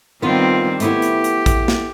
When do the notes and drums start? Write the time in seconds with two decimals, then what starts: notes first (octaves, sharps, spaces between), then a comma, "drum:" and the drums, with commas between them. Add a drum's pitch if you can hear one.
0.22 D#3 G3 B3 C4 F4
0.80 A3 B3 E4 G4, drum: hi-hat
1.02 drum: hi-hat
1.24 drum: hi-hat
1.46 drum: kick, hi-hat
1.68 drum: snare